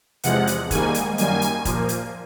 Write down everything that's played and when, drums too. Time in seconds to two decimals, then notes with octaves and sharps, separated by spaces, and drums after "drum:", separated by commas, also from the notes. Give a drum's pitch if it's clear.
0.23 E2 C3 F3 G#3 F#5, drum: hi-hat
0.47 drum: hi-hat
0.71 G#2 D#3 G3 A#3 G#5, drum: kick, hi-hat
0.94 drum: hi-hat
1.18 F#2 D#3 G3 A#3 G#5, drum: hi-hat
1.42 drum: hi-hat
1.65 A#2 F3 A#3, drum: kick, hi-hat
1.89 drum: hi-hat